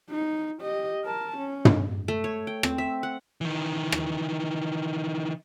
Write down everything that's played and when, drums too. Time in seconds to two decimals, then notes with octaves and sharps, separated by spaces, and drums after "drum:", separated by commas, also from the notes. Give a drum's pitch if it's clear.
0.10 D#4
0.62 G4 D#5
1.05 A#4 A5
1.37 C#4
1.65 drum: tom
2.08 A3
2.24 C#5
2.47 G5
2.63 C4, drum: rim click
2.78 E5
3.03 F#5
3.41 D#3 E3
3.92 drum: rim click